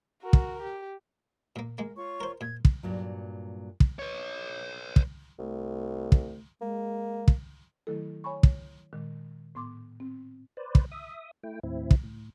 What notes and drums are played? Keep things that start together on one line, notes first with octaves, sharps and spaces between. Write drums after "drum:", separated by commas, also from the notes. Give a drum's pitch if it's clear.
F#4 A#4
drum: kick
G4
A#2 A#3
G#3 A#3 A#4
F4 C#5 C#6
A#4 C5
A#2 G#6
drum: kick
G2 A#2 F#3
drum: kick
B4 C#5
drum: kick
C2 A3
drum: kick
G#3 A#3
drum: kick
D#3 F#3 A3 E4 A4
C#5 G#5 B5 C#6
drum: kick
A#2 D#3 G#3
A2 B3 C6 D6
C4
B4 C5 D5
drum: kick
E5 D#6
A3 E4 G5
D#2 A2 C4 E4
drum: kick
A2